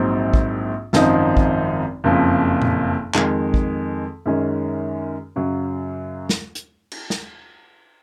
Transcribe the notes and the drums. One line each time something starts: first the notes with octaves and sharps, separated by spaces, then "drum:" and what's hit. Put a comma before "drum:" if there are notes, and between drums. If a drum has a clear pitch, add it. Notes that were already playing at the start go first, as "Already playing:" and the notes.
Already playing: A#1 G#2 F#3 C4
drum: kick
G#1 F#2 F3 C4 D#4, drum: snare
drum: kick
F#1 F2 C#3 F3
drum: tom A#2
F2 D#3 G#3, drum: clap
drum: kick
F#2 D#3 G#3 C#4
F#2 C#3 F#3
drum: snare
drum: hi-hat
drum: cymbal
drum: snare